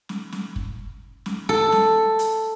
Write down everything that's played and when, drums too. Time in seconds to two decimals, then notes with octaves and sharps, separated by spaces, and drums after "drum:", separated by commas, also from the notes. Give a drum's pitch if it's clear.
0.09 drum: snare
0.32 drum: snare
0.56 drum: kick
1.26 drum: snare
1.49 A4
1.72 drum: snare
2.19 drum: hi-hat